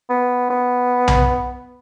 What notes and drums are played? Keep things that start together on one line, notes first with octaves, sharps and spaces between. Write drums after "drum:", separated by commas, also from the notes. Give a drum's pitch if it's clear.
B3
B3
drum: tom B1